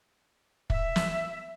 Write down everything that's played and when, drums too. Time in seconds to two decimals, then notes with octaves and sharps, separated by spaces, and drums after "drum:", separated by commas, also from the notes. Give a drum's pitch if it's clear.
0.70 E5, drum: kick
0.96 drum: snare